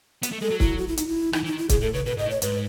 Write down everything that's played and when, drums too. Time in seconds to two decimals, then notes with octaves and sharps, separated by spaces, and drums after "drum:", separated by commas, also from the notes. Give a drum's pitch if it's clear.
0.23 B3, drum: hi-hat
0.32 A3
0.42 G#3 A4
0.51 F#3
0.60 E4, drum: kick C#1
0.78 F#4
0.88 E4
0.97 D#4, drum: hi-hat
1.07 E4
1.33 E3 D#4, drum: rim click
1.44 E3 D#4
1.51 D#3
1.58 E4
1.69 G#2 G#4, drum: kick C#1, hi-hat
1.81 A2 A4
1.94 C#3 B4
2.06 B2 B4
2.17 G#2 D#5
2.25 A2
2.30 C#5
2.42 G#2 B4, drum: hi-hat